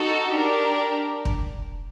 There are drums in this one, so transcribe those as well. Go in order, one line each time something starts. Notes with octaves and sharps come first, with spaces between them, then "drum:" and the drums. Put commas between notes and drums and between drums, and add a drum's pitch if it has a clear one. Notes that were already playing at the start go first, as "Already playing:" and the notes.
Already playing: D#4 F#4 A4
D4 G4 A#4 D5
drum: kick